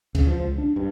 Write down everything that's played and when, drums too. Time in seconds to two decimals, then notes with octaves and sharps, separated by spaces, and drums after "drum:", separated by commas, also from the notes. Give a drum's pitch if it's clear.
0.15 C#3, drum: kick D2, cymbal
0.27 F3
0.40 C#2
0.58 D4
0.76 G2